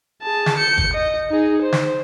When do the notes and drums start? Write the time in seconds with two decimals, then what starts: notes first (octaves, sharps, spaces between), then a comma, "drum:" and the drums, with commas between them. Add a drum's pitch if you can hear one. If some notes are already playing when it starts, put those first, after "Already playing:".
0.23 G#4 A5
0.46 drum: snare
0.58 G6 C#7
0.78 drum: kick
0.94 D#5
1.30 D#4 G#4
1.62 C5
1.72 drum: snare